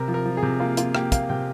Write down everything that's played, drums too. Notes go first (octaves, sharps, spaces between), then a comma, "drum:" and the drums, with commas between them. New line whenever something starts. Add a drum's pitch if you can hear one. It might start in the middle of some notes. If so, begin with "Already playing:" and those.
Already playing: C3 A#4
F3
A#4
F3
G#4
C3
A#3 F4
A#3 F4, drum: hi-hat
A#3 G4, drum: rim click
A#3 F5, drum: kick, hi-hat
C3 G5